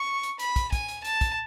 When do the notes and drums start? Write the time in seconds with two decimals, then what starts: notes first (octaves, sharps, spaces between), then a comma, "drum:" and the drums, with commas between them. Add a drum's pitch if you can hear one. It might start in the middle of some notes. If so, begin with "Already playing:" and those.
Already playing: C#6
0.23 drum: hi-hat
0.39 B5, drum: hi-hat
0.56 drum: kick, hi-hat
0.72 G#5, drum: kick, hi-hat
0.89 drum: hi-hat
1.05 A5, drum: hi-hat
1.21 drum: kick, hi-hat